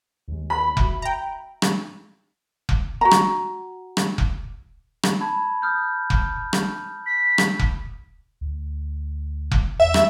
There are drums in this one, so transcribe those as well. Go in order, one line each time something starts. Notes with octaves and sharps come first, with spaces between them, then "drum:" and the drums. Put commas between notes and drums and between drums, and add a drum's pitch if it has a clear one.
D#2 G#3
B5
F#4 E5, drum: kick F1
E5 G5 A#5
drum: rim click
drum: kick F1
F#4 A#5
drum: rim click
drum: rim click
drum: kick F1
drum: rim click
A5 B5 G#6
D#6 F6 G6
drum: kick F1
drum: rim click
B6
drum: rim click
drum: kick F1
D2
drum: kick F1
E2 E5
drum: rim click